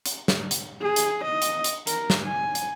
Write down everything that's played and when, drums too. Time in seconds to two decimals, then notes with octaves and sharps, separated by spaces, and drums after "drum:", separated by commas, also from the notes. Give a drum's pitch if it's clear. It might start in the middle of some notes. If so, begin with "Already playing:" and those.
0.06 drum: hi-hat
0.28 drum: snare
0.51 drum: hi-hat
0.82 G#4
0.96 drum: hi-hat
1.25 D#5
1.42 drum: hi-hat
1.64 drum: hi-hat
1.87 A#4, drum: hi-hat
2.10 drum: snare
2.26 G#5
2.55 drum: hi-hat